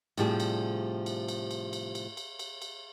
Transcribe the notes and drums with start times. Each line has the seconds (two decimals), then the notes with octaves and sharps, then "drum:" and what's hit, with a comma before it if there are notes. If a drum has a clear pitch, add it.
0.17 A2 C3 F3 G3 D4 G#4, drum: cymbal
0.40 drum: cymbal
1.06 drum: cymbal
1.28 drum: cymbal
1.51 drum: cymbal
1.73 drum: cymbal
1.95 drum: cymbal
2.17 drum: cymbal
2.39 drum: cymbal
2.62 drum: cymbal